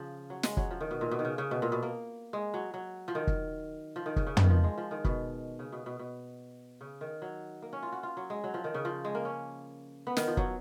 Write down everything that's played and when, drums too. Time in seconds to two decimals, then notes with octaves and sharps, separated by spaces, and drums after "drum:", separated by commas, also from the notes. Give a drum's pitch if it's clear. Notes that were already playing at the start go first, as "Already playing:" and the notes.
Already playing: C#3 F3
0.30 F#3
0.43 G#3, drum: snare
0.57 F#3, drum: kick
0.71 F3
0.81 D#3
0.91 B2
1.01 A#2
1.11 B2
1.19 D#3
1.25 C#3
1.38 C#3
1.51 B2
1.62 A#2
1.72 B2
1.83 A#3
2.33 G#3
2.54 F#3
2.74 F#3
3.08 F3
3.15 D#3
3.27 drum: kick
3.96 F3
4.06 D#3
4.16 C#3, drum: kick
4.27 C#3
4.37 B2, drum: tom
4.44 D#3
4.50 F3
4.64 G#3
4.78 F3
4.91 D#3
5.05 B2, drum: kick
5.59 C#3
5.72 B2
5.86 B2
5.99 B2
6.81 C#3
7.01 D#3
7.22 F#3
7.62 A#3
7.73 C#4
7.83 F4
7.92 F#4
8.03 F4
8.17 F#3
8.30 G#3
8.44 F#3
8.54 F3
8.64 D#3
8.74 C#3
8.85 F3
9.05 G#3
9.15 A#3
9.25 C#4
10.07 B3
10.17 D#3, drum: snare
10.27 F3
10.37 F#3, drum: kick